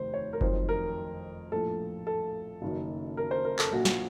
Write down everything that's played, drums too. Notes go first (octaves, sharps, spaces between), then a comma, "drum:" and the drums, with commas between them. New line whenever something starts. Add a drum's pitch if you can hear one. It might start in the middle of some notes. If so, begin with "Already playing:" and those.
Already playing: F1 D#2 C5
C#5
A#4
F2 D#3 F#3 C5, drum: kick F#1
A#4
A#1 A2 F3 A4
A4
F#1 F#2 D#3
A#4
C5
A#4
A4, drum: clap
A#1 A#2 F#3 F#4
drum: snare